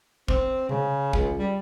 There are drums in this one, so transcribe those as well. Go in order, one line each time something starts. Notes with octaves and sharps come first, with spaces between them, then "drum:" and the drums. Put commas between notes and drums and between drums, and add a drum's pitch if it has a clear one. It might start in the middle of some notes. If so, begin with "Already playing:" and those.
C4, drum: kick
C#3, drum: tom C3
C#2, drum: kick
G3